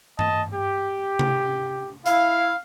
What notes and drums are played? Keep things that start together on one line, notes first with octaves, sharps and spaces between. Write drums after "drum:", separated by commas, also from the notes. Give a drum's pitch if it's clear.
D#5 A5, drum: tom G2
G4
drum: tom C3
E4 F5, drum: hi-hat